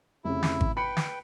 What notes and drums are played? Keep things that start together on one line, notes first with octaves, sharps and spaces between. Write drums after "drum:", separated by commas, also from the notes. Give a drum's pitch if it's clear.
F1 C#3 E4
drum: snare
drum: kick G#1
B4 G5 B5 C#7
drum: snare